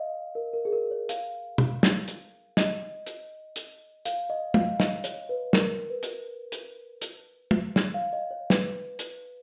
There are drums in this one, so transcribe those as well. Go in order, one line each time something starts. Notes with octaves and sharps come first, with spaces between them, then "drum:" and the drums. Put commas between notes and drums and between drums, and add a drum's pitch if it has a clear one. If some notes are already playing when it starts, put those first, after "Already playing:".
Already playing: D#5 F5
A#4
A#4
G#4
A#4
C#5
F5, drum: hi-hat
drum: tom
drum: snare
drum: hi-hat
D#5, drum: snare
drum: hi-hat
drum: hi-hat
F5, drum: hi-hat
D#5
F5, drum: tom
D#5, drum: snare
C#5, drum: hi-hat
B4
A#4, drum: snare
B4
drum: hi-hat
drum: hi-hat
drum: hi-hat
drum: tom
C#5, drum: snare
F5
D#5
C#5
B4, drum: snare
drum: hi-hat